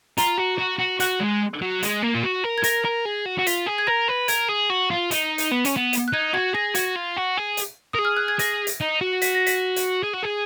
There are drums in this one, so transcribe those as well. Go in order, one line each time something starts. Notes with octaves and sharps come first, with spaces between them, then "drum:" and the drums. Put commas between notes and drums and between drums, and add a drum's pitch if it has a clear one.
F4 A#5, drum: hi-hat
F#4
F#4
F#4
F#4 F#6, drum: hi-hat
G#3
F#3
G#3, drum: hi-hat
A#3
F4
F#4
A#4
G#6
A#4 A#6, drum: hi-hat
A#4
G#4
F#4
F#4
F4 B6, drum: hi-hat
G#4
G#6
A#4 A#6
B4
A#4 G#6, drum: hi-hat
G#4
F#4
F4
D#4, drum: hi-hat
drum: hi-hat
B3
C#4, drum: hi-hat
B3
drum: hi-hat
F#6
D#4 G#6
F#4 G#6
G#4 A#6
F#4 G#6, drum: hi-hat
F4
F#4
G#4
drum: hi-hat
A#4 D#6
G#4
F6
F#6
G#6
G#4 A#6, drum: hi-hat
drum: hi-hat
D#4
F#4
B6, drum: hi-hat
A#6
B6, drum: hi-hat
drum: hi-hat
G#4
F#4
G#4